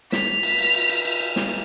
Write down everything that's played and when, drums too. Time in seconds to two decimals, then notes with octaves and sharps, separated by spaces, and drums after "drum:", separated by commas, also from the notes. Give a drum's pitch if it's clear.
0.12 B6 F7, drum: snare
0.43 drum: cymbal
0.59 drum: cymbal
0.74 drum: cymbal
0.90 drum: cymbal
1.05 drum: cymbal
1.21 drum: cymbal
1.36 drum: snare